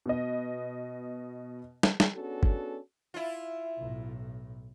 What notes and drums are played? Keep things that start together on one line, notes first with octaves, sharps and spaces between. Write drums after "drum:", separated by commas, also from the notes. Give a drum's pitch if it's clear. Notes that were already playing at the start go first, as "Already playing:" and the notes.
B2 B3 D#5
drum: snare
drum: snare
B3 C#4 D4 F#4 G#4 A4
drum: kick
E4 F4
B1 A2